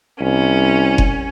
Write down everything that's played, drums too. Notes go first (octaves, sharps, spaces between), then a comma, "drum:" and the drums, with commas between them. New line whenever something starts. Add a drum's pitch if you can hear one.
C2 C#4
drum: kick F#1